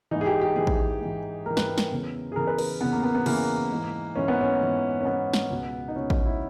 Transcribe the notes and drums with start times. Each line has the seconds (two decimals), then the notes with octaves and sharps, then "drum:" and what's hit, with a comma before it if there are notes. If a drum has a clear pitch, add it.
0.11 G#2 E3 D#4
0.21 G#4
0.26 G4
0.41 G4
0.56 G#2 E3 G#4
0.67 drum: kick A1
1.01 G#2 E3
1.46 G#2 E3 A#4
1.57 B4, drum: snare
1.68 A#4
1.78 drum: snare
1.91 E2 C#3 E3
2.32 G#4
2.36 E2 C#3 E3 A#4
2.47 B4
2.58 B4, drum: cymbal
2.81 E2 C#3 E3 B3
2.92 A#3
3.03 B3
3.15 B3
3.26 E2 C#3 E3 A#3, drum: cymbal
3.71 G#2 E3
4.16 G#2 E3 C#4
4.28 B3
4.41 C#4
4.61 G#2 E3
5.01 C#4
5.05 G#2 E3 B3
5.33 drum: snare
5.50 C#2 B2
5.88 D#4
5.95 C#2 B2 C#4
6.10 D#4, drum: kick A1
6.25 E4